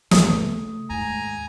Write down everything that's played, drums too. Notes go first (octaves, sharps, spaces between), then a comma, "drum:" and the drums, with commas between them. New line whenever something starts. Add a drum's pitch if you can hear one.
A1 F#2 A3 D#6, drum: snare
C#3 E3
D#2 G#2 G#5 A#5